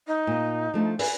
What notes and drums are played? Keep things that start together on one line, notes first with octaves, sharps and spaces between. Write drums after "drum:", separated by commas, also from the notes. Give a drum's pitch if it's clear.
D#4
A#2 D#5
F3 A3 D4
B4 G#5, drum: open hi-hat